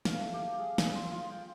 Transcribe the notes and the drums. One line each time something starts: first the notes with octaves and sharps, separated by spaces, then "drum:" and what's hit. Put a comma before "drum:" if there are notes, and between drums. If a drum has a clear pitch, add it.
F5, drum: snare
A3
G4
G#4
G#4, drum: snare
C6
F4
G5